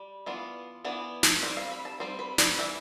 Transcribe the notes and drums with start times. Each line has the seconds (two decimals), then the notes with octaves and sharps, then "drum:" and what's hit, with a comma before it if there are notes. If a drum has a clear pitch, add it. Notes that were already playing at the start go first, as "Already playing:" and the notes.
Already playing: G3
0.26 E3 B3 D4 F4
0.85 E3 B3 D4
1.23 drum: snare
1.43 G3 C4 G4
1.57 F5
1.72 B5
1.85 A5
2.00 G3 C4 C5
2.19 B4
2.38 D5, drum: snare
2.58 E3 G3 D4 E5